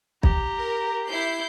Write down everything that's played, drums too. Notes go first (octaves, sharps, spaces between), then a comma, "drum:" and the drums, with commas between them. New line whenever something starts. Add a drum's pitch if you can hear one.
G4 A#5, drum: kick B1
A#4
E4 G6 C7